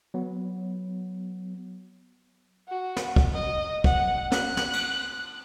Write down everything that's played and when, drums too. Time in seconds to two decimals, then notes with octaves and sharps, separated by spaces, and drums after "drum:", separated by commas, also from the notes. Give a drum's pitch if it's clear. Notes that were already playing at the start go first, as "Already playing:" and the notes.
0.14 F#3 B3
2.68 F#4
2.97 drum: snare
3.16 drum: kick
3.34 D#5
3.84 F#5, drum: kick
4.32 F#6, drum: snare
4.57 drum: snare
4.73 drum: cymbal